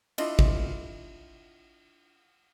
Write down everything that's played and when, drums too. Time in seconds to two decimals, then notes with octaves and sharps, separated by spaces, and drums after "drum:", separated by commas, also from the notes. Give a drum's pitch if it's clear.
0.18 D4 E4 F4 D#5, drum: cymbal
0.39 drum: kick G#1